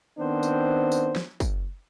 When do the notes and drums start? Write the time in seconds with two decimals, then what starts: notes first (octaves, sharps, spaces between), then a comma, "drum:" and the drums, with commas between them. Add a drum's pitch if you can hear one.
0.18 D#3 B3 C4 D4 C5
0.43 drum: tambourine
0.92 drum: tambourine
1.16 drum: snare
1.40 drum: kick, tambourine